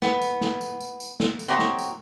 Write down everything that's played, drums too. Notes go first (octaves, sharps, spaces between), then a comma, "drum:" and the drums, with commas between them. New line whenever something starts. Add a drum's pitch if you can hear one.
B3, drum: snare
drum: tambourine
drum: snare
drum: tambourine
drum: tambourine
drum: tambourine
drum: snare
drum: tambourine
C4 F#4 G4 C#5 D#5 A#5
drum: snare
drum: tambourine